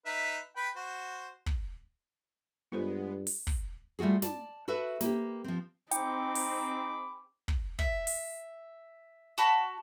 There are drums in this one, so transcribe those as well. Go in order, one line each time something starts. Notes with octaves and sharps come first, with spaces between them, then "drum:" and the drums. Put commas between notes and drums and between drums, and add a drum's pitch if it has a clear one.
D#4 B4 E5
B4 G5 B5
F#4 C5
drum: kick
G2 G#3 B3 F4 A4 C5
drum: open hi-hat
drum: kick
G3 A3 F4 F#4 G#4
D5 A5, drum: snare
F#4 A4 B4 E5
A#3 G4, drum: snare
F3 C4
C4 D#4 G#4 G5 B5 D6, drum: hi-hat
drum: open hi-hat
drum: kick
E5, drum: kick
drum: open hi-hat
F#4 A5 B5